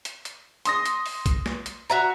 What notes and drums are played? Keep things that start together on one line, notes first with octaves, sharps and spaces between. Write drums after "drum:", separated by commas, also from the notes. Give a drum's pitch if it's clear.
drum: hi-hat
drum: hi-hat
C6 D#6 A#6, drum: hi-hat
drum: hi-hat
drum: open hi-hat
drum: kick B1, hi-hat
drum: snare
drum: hi-hat
F#4 E5 A#5